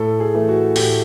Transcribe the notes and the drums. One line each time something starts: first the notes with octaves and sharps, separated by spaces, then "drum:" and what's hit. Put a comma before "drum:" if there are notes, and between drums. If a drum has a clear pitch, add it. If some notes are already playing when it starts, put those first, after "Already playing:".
Already playing: A2 A4
G#4
E3 A3
F#4
A2 G4, drum: open hi-hat